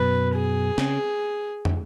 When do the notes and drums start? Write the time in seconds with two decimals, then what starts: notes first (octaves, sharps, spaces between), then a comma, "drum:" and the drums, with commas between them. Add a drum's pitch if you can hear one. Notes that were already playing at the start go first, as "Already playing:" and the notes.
Already playing: F#2 B2 B4
0.35 G#4
0.78 C#3, drum: snare C4
1.65 drum: tom